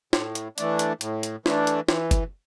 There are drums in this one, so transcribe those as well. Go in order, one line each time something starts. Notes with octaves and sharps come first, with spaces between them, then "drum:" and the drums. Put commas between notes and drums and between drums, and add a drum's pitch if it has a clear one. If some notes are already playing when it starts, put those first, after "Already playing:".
A2, drum: snare
drum: hi-hat
E3 A3 D4, drum: hi-hat
drum: hi-hat
A2, drum: hi-hat
drum: hi-hat
E3 A3 D4, drum: snare
drum: hi-hat
E3, drum: snare
drum: kick, hi-hat